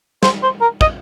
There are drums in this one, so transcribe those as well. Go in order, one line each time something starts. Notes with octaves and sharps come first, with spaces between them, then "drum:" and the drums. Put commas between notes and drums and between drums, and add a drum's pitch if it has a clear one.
C5, drum: snare
C5
A#4
D#5, drum: kick